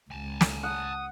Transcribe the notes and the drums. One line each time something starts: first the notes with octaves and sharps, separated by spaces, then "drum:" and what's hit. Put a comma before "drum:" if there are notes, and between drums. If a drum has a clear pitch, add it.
C#2 G#5 A5
drum: snare
F#5 D#6